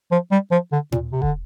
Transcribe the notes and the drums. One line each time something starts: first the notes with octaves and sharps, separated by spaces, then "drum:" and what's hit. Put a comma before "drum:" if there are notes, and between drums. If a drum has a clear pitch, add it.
F3
G3
F3
D3
A#2, drum: tom A#2
C3
D3, drum: kick E1